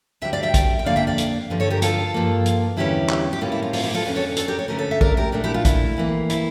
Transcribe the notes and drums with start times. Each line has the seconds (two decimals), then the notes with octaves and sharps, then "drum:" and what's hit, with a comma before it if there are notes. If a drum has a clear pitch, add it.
0.21 D2 D3 G3 E5 G5
0.33 D5 F5
0.43 E5 G5
0.54 drum: kick, hi-hat
0.79 G5
0.85 F2 D3 F3 A#3 D5 F5
0.96 E5 G5
1.07 D5 F5
1.18 drum: hi-hat
1.50 G2 D3 F3
1.60 A4 C#5
1.70 G4 A#4
1.82 F4 A4, drum: hi-hat
2.14 G2 F3 A#3
2.46 drum: hi-hat
2.77 E2 D3 G3 C#4 E4 G4
3.10 drum: clap
3.33 G4
3.41 A2 G3 A#3 C#4 F4
3.52 E4
3.62 F4
3.73 F4, drum: open hi-hat
3.84 E4 G4
3.94 F4 A4
4.05 F2 D3 A3 C#4
4.16 A4 C#5
4.37 A4 C#5, drum: hi-hat
4.48 G4 A#4
4.59 C#5
4.68 D2 D3 A3 C#4 A#4
4.79 A4 C#5
4.91 E5
5.01 A#4 D5, drum: kick
5.17 G4 A#4
5.32 A#2 A3 D4 F4
5.44 E4 G4
5.54 F4
5.65 E4, drum: kick, hi-hat
5.97 F2 E3 A#3
6.30 E4, drum: hi-hat